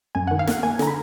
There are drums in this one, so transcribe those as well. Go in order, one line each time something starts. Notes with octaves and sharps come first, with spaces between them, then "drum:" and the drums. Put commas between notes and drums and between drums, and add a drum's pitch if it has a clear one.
F#2 G#5
F#5
D#3
F5
A#3 F#5, drum: snare
A#3 G#5
D3 A#5, drum: snare
B5